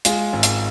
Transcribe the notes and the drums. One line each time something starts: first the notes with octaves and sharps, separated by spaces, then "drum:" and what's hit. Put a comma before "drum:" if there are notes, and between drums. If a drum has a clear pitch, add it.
G#3 F4, drum: hi-hat
G#1
drum: hi-hat